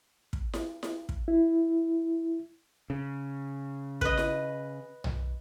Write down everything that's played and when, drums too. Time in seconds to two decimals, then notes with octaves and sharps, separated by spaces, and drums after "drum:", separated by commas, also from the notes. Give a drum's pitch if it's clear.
0.33 drum: kick
0.53 drum: snare E4
0.83 drum: snare E4
1.09 drum: kick
1.28 E4
2.90 C#3
4.01 B4 D#5, drum: kick
4.17 drum: snare E4
5.04 drum: tom B1